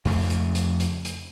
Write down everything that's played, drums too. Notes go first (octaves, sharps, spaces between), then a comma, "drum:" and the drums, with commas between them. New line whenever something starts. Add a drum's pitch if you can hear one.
F2 C#3 A3, drum: open hi-hat
drum: hi-hat
drum: hi-hat
drum: hi-hat
drum: hi-hat